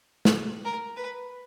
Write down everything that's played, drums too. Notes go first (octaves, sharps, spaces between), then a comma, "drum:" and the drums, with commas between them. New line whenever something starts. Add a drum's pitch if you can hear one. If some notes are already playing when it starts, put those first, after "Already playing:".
drum: snare
A#4
B4